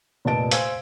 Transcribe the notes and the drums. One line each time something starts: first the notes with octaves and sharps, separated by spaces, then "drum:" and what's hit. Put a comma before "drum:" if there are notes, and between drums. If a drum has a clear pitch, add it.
F1 A#2 B4 D#5 A5 D7
C5 F5 G#5 E6 G#6, drum: hi-hat